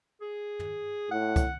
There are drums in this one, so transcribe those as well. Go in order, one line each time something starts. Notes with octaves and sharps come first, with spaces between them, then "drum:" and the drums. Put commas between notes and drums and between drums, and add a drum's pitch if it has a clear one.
G#4
drum: tom
A2 F#5
drum: kick C2, hi-hat